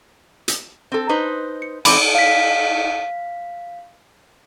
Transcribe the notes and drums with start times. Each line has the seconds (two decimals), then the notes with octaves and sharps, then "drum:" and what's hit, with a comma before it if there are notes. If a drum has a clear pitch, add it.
0.48 drum: hi-hat
0.92 C4 A4
1.09 D#4 B4 C5
1.62 C#7
1.85 E3 G#3 C4 B5 C6 D6, drum: cymbal
2.15 F5 B6